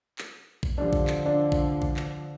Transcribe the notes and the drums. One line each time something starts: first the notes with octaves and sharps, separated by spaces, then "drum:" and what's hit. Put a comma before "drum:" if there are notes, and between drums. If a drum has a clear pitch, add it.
drum: clap
drum: kick A1
D3 F3 D4 G4
drum: kick A1
drum: clap
D4
drum: kick A1
drum: kick A1
drum: clap